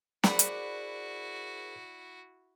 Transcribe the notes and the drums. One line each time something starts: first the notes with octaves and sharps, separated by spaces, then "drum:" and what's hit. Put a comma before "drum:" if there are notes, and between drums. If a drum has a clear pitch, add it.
E4 F#4 G#4 A#4 C5 D5 F#5 B5, drum: snare
drum: hi-hat